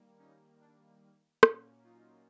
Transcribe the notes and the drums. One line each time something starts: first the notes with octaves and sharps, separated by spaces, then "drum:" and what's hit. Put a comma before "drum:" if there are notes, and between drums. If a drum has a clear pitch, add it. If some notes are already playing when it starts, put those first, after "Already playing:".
Already playing: D#3 G3 A#3
C#4 D#4
D4
A#2 F#3 A#3 C#4, drum: rim click
D#4 F4